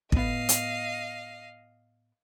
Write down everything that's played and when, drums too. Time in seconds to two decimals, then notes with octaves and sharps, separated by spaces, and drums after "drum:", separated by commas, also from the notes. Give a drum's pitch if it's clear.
0.12 A2 B3 D#5 F5, drum: kick
0.49 drum: hi-hat